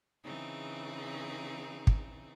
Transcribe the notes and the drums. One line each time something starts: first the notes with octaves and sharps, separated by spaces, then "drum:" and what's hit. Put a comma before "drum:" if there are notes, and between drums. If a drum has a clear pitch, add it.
C#3 E3 C4 D#4 G#4
drum: kick